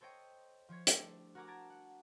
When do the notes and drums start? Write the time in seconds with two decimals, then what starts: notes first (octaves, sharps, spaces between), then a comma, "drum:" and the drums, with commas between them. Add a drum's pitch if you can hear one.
0.01 A4 C5 C#5 D#5 G5
0.69 F3 C5 C#5 G#6
0.87 G3 A3 D4 E4, drum: hi-hat
1.35 F#4 A#4 F#5 G#5 A#5 D6
1.47 A5 A#5 G#6 A6 D7
1.70 F#5